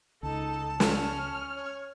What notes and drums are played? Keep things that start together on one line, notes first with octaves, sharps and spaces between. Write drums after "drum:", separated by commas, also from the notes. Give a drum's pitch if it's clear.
C#2 D#4 A4 A5
C#4 F6, drum: snare
C#5